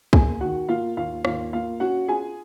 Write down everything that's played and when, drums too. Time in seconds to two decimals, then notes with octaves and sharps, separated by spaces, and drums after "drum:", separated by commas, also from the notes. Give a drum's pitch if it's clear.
0.13 A#3 G#4 G#5, drum: kick
0.41 D#3 F#4 F#5
0.69 A#3 F4 F5
0.97 D#2 F4 F5
1.25 D#2 F4 F5, drum: rim click
1.53 A#3 F4 F5
1.80 C#4 F#4 F#5
2.08 F4 G#4 G#5